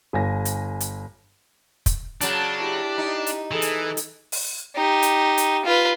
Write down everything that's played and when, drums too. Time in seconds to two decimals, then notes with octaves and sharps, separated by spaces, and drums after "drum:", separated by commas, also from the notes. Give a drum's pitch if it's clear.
0.13 G1 G#5 A#6
0.45 drum: hi-hat
0.80 drum: hi-hat
1.86 drum: kick, hi-hat
2.21 C#3 F#3 D4 A5, drum: hi-hat
2.60 E4 G4
2.98 D#4
3.27 drum: hi-hat
3.51 E3 G#4 A4
3.62 drum: hi-hat
3.97 drum: hi-hat
4.32 drum: open hi-hat
4.75 D#4 G4
5.02 drum: hi-hat
5.38 drum: hi-hat
5.65 F4 B4